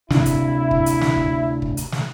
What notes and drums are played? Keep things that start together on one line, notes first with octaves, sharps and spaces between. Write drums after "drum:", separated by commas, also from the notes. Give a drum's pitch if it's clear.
D2 C3 D4 E4, drum: snare
drum: kick, hi-hat
drum: kick
drum: hi-hat
drum: snare
drum: kick
drum: kick
drum: hi-hat
drum: snare